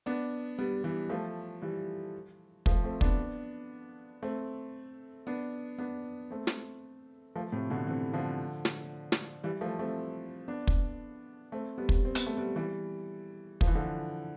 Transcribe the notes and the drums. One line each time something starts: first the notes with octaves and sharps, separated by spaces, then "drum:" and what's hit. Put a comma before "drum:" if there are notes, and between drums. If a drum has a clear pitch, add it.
B3 D4
G3 B3
E3 G3
F3 A3
E3 G3
F3 A3, drum: kick
A3 C4
B3 D4, drum: kick
A3 C4
B3 D4
B3 D4
A3 C4
drum: snare
F3 A3
A2 C3
B2 D3
C3 E3
D3 F3
drum: snare
drum: snare
E3 G3
F3 A3
A3 C4
B3 D4
drum: kick
A3 C4
G3 B3
drum: kick
C4
B3, drum: hi-hat
A3
G3 B3
E3 G3
F3, drum: kick
E3
D3 F3